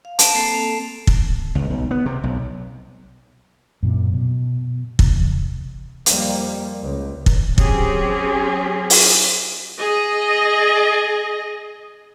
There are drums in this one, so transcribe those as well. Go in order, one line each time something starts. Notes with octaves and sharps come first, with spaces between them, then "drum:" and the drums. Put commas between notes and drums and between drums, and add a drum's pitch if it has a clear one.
F5
A5 D7 E7, drum: hi-hat
A#3 C4 A4 C7 E7
F7
drum: kick
C#2
B1
B3
C3
B1
F#2 A#2 C4
B2
E2 C3, drum: kick
F2 G3 A#3, drum: hi-hat
C#2
drum: kick
F#3 C4 C#4 G4 G#4, drum: kick
drum: open hi-hat
G#4 D#5